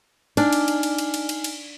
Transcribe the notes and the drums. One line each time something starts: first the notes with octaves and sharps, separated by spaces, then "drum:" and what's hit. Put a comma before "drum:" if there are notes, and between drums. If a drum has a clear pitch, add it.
D4 D#4 G#5 F6, drum: cymbal
drum: cymbal
drum: cymbal
drum: cymbal
drum: cymbal
drum: cymbal
drum: cymbal
drum: cymbal